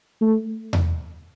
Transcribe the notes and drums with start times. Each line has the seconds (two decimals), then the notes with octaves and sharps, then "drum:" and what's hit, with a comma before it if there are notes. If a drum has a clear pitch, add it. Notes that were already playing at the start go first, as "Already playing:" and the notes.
0.21 A3
0.73 drum: tom E2